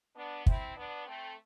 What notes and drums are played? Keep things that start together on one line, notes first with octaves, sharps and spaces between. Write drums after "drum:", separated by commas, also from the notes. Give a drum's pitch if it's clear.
B3 D4
C4 E4, drum: kick
B3 D4
A3 C4